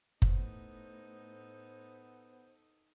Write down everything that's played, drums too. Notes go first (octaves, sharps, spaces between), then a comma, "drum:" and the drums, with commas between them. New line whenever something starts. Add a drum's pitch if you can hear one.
A2 B3 D#4 A4 C5, drum: kick F#1